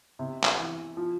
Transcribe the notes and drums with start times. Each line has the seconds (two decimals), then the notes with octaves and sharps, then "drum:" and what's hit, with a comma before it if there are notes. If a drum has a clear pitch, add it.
0.19 C3
0.44 drum: clap
0.58 E3
0.97 F3